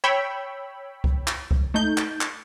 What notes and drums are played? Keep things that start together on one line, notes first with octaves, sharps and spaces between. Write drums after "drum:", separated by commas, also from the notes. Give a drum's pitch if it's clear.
C#5 G5 B5 E6
drum: kick C2
drum: clap
drum: kick C2
A3 D#4 G6
drum: clap
drum: clap